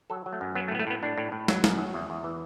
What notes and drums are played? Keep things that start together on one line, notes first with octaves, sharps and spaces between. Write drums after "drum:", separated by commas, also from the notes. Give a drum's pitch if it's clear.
F#3 A4
F#3
A3
F#2
F#3 B3
A3
A2 B3
A3
A2 B3
A2 D4
A2
A2
F#3, drum: snare
F#2, drum: snare
F#3
E2
E2
E3